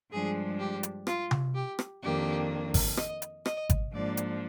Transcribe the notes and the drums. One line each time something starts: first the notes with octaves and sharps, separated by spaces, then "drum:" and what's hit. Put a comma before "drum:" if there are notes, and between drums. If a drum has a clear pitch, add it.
G2 F3 G#3 D4 G#4
G4
drum: hi-hat
F4, drum: rim click
drum: tom C3
G4
drum: rim click
F2 D#3 A#3 D4 G4
drum: kick G#1, open hi-hat
D#5, drum: rim click
drum: hi-hat
D#5, drum: rim click
drum: kick G#1, hi-hat
G#2 F3 A#3 D4 D5
drum: hi-hat